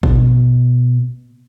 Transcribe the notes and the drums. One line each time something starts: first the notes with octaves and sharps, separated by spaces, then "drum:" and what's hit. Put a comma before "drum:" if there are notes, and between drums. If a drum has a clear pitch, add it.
B2, drum: kick A1